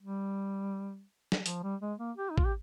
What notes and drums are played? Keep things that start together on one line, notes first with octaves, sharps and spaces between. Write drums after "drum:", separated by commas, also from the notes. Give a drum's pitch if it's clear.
G3
drum: snare
F3, drum: hi-hat
G3
G#3
A#3
G4
D#4
F4, drum: kick
G4